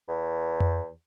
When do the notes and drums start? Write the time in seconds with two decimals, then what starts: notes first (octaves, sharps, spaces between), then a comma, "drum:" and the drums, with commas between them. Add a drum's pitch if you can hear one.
0.08 E2
0.60 drum: tom F2